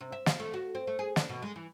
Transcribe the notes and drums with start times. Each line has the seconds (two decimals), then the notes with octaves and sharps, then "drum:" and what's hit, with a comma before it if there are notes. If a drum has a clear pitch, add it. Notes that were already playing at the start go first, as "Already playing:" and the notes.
0.01 C3
0.12 E5
0.26 F4, drum: snare
0.40 A3
0.54 F#4
0.75 C4
0.87 A3
0.99 G#4
1.16 D4, drum: snare
1.29 B2
1.42 G#3
1.56 E3